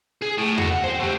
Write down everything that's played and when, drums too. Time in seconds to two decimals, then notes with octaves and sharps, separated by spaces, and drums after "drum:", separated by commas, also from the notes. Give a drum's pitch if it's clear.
0.22 G#4
0.38 A2
0.58 F#4 A4, drum: tom E2
0.71 F#5
0.84 C5 G5
1.00 A3 G4